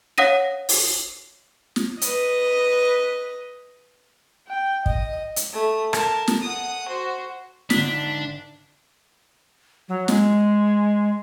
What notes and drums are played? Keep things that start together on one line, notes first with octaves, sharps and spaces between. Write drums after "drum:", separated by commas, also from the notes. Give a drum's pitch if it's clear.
C#5 F5 F#5 D#6 A#6 D#7
drum: open hi-hat
drum: snare
B4 D#5, drum: hi-hat
G5
D#5, drum: kick
drum: hi-hat
A3 D#6
A#4 A5, drum: rim click
drum: snare
F#5 D#6
F#4 C5
G#1 D3 D4 B6, drum: snare
F#3
G#3, drum: snare